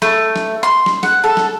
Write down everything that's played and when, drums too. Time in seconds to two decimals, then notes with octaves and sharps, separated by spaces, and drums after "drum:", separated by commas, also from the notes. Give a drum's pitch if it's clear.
0.02 A3, drum: snare
0.36 drum: snare
0.63 C6
0.86 drum: snare
1.03 F#5, drum: snare
1.24 A4
1.37 drum: snare